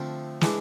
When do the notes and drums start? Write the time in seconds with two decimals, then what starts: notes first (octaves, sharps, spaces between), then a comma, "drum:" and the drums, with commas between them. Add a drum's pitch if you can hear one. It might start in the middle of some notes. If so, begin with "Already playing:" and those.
Already playing: D3 F3 A3 C4
0.41 E3 G#3 D4, drum: snare